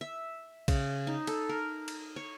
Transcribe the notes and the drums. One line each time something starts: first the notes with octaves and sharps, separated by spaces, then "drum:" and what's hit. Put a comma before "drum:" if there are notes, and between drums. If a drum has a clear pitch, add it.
E5
C#3, drum: kick A#1, cymbal
D#4
A4, drum: cymbal
A#4
drum: cymbal
C#5